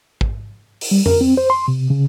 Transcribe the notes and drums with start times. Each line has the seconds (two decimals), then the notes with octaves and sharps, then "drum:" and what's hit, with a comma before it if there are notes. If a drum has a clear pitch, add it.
0.21 drum: kick
0.81 drum: open hi-hat
0.91 G3
1.06 A#4, drum: tom F2
1.21 C4
1.37 C5
1.50 C6
1.68 C3
1.90 C#3